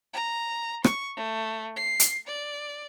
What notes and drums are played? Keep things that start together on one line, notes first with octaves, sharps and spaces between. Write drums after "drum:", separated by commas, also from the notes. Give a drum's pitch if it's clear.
A#5
C#6, drum: rim click
A3
C7
drum: hi-hat
D5